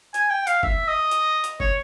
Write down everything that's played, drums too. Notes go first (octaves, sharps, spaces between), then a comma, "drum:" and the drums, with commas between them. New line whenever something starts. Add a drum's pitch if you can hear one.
G#5, drum: hi-hat
G5
F5, drum: hi-hat
E5, drum: kick
D#5
drum: hi-hat
drum: hi-hat
C#5, drum: kick